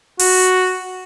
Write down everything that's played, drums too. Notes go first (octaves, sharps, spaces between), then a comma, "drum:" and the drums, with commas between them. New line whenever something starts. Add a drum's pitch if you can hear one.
F#4, drum: open hi-hat